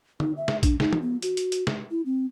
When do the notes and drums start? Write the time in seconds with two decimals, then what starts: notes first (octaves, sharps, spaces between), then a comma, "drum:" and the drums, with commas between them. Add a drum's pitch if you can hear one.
0.20 D#4, drum: tom D3
0.37 E5
0.48 drum: snare
0.63 D4, drum: kick, hi-hat
0.80 D#4, drum: snare
0.93 drum: tom E3
1.02 B3
1.22 F#4, drum: hi-hat
1.37 drum: hi-hat
1.52 drum: hi-hat
1.67 drum: snare
1.91 E4
2.06 C4